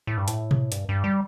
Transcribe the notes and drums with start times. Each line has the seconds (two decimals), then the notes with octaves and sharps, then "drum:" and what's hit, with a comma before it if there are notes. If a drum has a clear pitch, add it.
0.07 A2
0.18 G2
0.28 A2, drum: hi-hat
0.51 drum: tom B2
0.72 G2, drum: hi-hat
0.89 G2
1.04 G3